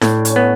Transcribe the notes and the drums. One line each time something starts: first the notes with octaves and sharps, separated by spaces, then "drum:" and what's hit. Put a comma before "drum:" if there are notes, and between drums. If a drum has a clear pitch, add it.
A2 D4, drum: snare E4
C#4, drum: hi-hat
B3